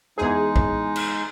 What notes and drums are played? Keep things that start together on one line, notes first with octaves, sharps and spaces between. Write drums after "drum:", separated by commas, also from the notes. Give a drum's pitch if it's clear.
E2 G#3 D#4 G#4
drum: kick A#1
drum: cymbal